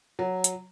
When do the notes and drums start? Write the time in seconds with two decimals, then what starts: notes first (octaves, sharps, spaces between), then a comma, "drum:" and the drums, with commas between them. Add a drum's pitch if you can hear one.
0.19 F#3
0.44 drum: hi-hat